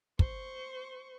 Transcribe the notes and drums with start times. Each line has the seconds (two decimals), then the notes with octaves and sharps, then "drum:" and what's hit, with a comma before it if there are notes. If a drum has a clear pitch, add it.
0.19 C5 C#6, drum: kick